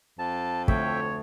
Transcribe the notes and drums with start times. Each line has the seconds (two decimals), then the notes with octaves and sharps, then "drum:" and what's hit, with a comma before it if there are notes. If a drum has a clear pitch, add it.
0.19 F2 A5
0.68 D2 C#5 E5 G5, drum: kick